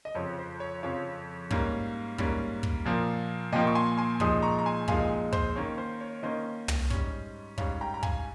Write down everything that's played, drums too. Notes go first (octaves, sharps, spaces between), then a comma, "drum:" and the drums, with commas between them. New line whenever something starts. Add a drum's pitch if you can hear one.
D#5
F2 C#3 F3 C4 C#5
C5
C#5
F2 C#3 F3 C4 C#5 F5
G#2 G3 A#3 C#4, drum: kick
G#2 G3 A#3 C#4, drum: kick
drum: kick
A#2 F3 A#3
A#2 F3 A#3 D#5 G5
C#6
G#5 C6
G#5 C6
A#2 F3 G#3 D#4 C6 D#6, drum: kick
A#5 C#6
A#5
G#5 C6
A#2 F3 G#3 D#4 F5 G#5, drum: kick
C5 D#5, drum: kick
D#3 A#3 C#4 C#5
C5
C#5
D#3 A#3 C#4 C5 D#5
drum: tom
G#2 G3 C#4, drum: kick
G#2 G3 C#4 C#5 F5, drum: kick
G5 A#5
A#5
F5 G#5, drum: kick